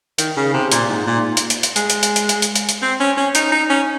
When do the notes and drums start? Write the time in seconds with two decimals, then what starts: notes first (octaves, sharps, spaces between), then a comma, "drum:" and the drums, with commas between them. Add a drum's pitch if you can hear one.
0.18 D#3, drum: hi-hat
0.37 C#3
0.54 C3
0.72 A#2, drum: hi-hat
0.89 G#2
1.06 A#2
1.37 drum: hi-hat
1.50 drum: hi-hat
1.63 drum: hi-hat
1.76 G#3, drum: hi-hat
1.90 drum: hi-hat
2.03 drum: hi-hat
2.16 drum: hi-hat
2.29 drum: hi-hat
2.42 drum: hi-hat
2.55 drum: hi-hat
2.69 drum: hi-hat
2.82 C4
3.00 C#4
3.17 C#4
3.35 D#4, drum: hi-hat
3.52 D#4
3.70 C#4